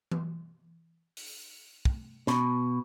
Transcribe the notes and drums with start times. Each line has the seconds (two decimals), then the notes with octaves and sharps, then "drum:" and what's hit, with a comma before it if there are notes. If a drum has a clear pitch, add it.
0.11 drum: tom E3
1.17 drum: open hi-hat
1.85 drum: kick
2.27 B2, drum: snare